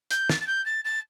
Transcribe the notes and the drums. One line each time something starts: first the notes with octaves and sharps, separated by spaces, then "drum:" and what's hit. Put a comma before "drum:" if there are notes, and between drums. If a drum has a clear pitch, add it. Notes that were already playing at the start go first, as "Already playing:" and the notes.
G6, drum: hi-hat
A6, drum: snare
A6
G6
A6
A6